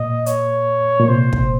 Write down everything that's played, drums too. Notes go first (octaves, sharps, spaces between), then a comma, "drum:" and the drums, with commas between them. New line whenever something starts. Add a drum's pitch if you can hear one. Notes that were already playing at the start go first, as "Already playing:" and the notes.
Already playing: A#2 D#5
C#5, drum: hi-hat
A#2
C3 C5
drum: kick